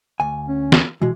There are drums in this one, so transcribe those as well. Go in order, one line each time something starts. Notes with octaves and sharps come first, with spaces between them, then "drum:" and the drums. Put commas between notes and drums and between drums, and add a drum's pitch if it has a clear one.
D2 G#5
C#4
drum: snare
B2 E3 G#3